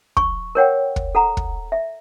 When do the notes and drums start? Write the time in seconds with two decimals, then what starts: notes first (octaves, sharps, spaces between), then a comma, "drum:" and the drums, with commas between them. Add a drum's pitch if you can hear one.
0.17 C#6, drum: kick
0.55 A#4 C#5 F#5 G5
0.96 drum: kick
1.15 A4 F#5 A#5
1.37 drum: kick
1.72 E5